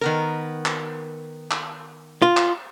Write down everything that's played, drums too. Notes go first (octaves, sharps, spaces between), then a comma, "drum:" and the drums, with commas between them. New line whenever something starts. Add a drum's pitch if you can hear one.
D#3 B3 A#4
drum: clap
drum: clap
F4
drum: clap